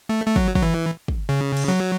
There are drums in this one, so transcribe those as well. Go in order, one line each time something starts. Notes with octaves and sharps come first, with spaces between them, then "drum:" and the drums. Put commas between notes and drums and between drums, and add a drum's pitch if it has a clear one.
A3
A3
F#3, drum: kick
F#3, drum: kick
E3
drum: kick
C#3
drum: cymbal
F#3